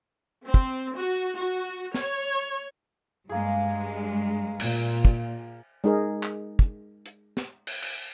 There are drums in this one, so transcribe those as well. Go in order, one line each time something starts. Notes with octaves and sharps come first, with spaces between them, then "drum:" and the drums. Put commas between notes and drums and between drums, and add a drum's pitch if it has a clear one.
C4
drum: kick
F#4
F#4
C#5, drum: snare
G2 G#3 A#3 G#4
A#2, drum: cymbal
drum: kick
G#3 D#4 G#4 A#4
drum: clap
drum: kick
drum: hi-hat
drum: snare
drum: cymbal
drum: cymbal